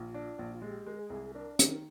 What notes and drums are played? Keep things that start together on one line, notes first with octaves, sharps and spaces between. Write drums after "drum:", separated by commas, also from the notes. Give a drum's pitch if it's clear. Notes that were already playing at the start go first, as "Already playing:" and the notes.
Already playing: A#1 F4
D4
A#1
F4
G#3 G4
G#3 A#4
G#4
C2
D4 A#4
D#3 A#4, drum: hi-hat